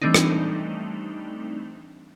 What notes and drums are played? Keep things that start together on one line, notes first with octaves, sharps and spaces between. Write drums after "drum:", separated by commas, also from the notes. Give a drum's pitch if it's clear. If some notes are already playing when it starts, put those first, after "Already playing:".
E3 G3 A3 C4 D4 D#4
drum: rim click